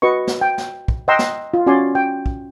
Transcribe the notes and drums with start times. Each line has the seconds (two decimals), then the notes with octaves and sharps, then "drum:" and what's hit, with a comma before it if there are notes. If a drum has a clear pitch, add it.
0.02 F#4 B4 D#5 C#6
0.27 drum: snare
0.41 G5
0.58 drum: snare
0.88 drum: kick
1.08 D#5 F#5 G5 A#5 C6 E6
1.19 drum: snare
1.54 F4
1.67 C#4 F#4 D5 G#5 C6
1.95 G5
2.26 drum: kick